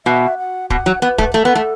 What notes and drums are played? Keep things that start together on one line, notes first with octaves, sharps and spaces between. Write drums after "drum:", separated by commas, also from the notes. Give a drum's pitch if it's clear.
B2 E5
F#5
B2 F#5, drum: kick
F#3
B3 B4
A3, drum: kick
A3 A4
B3
A3